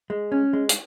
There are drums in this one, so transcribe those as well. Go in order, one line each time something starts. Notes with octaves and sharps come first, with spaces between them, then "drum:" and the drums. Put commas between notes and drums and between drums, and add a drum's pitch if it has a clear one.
G#3
C#4
G#3
drum: hi-hat